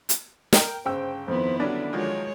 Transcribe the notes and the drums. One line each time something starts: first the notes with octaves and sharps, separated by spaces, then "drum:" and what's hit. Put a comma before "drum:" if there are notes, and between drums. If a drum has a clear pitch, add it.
drum: hi-hat
A#4 G5, drum: snare
G1 C#3 C5 G5 E6
F2 D#3 B3 E4 C5
D3 F#3 G3 C#4 D4
D#3 F3 F#3 G#3 C#5